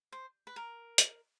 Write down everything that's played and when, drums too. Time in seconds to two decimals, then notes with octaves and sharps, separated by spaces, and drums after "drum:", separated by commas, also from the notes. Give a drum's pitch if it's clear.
0.12 C5
0.47 B4
0.56 A#4
0.98 drum: hi-hat